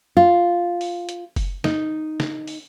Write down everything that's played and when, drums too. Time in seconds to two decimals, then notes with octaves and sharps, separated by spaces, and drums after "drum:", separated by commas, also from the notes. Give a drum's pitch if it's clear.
0.17 F4
0.81 drum: open hi-hat
1.09 drum: hi-hat
1.36 drum: kick F#1, open hi-hat
1.64 D#4, drum: snare
2.20 drum: snare
2.48 drum: open hi-hat